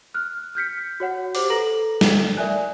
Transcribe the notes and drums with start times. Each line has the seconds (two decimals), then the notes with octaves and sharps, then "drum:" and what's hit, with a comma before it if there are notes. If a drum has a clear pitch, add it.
0.14 F6 F#6
0.55 F6 G6 B6 C#7
1.00 F#4 C#5 F#5
1.35 G4 C5 D6, drum: open hi-hat
1.50 A4 B4 A#5 A#6 F#7
2.01 drum: snare
2.37 A#4 D5 E5 G#5 F#6